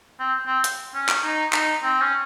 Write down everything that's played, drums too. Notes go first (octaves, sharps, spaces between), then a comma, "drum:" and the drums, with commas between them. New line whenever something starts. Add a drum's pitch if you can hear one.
C4
C4
drum: hi-hat
C#4
drum: clap
D#4
D#4, drum: clap
C4
C#4